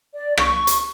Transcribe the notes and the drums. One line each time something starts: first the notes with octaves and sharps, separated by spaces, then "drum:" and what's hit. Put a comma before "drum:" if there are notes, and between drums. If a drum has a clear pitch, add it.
D5
C#6, drum: rim click
drum: hi-hat